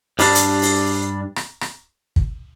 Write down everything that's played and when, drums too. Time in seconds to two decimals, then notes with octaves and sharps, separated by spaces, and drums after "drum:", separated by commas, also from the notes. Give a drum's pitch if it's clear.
0.19 G2 G3 D4, drum: open hi-hat
0.35 drum: hi-hat
0.62 drum: open hi-hat
1.36 drum: rim click
1.61 drum: rim click
2.16 drum: kick